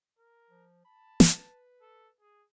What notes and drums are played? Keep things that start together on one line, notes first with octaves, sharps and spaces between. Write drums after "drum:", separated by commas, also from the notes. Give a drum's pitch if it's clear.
A#4
F3
A5 B5
drum: snare
B4
A4
G#4